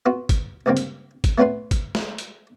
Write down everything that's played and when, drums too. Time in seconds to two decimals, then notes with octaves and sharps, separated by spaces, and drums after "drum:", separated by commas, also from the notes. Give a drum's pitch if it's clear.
0.06 B3 F4 F#4
0.29 drum: kick, hi-hat
0.66 C#2 G2 D#3 A#3 C4
0.77 drum: hi-hat
1.24 drum: kick, hi-hat
1.38 A3 B3 C#4 F4 B4 C6
1.71 drum: kick, hi-hat
1.95 drum: snare
2.18 drum: hi-hat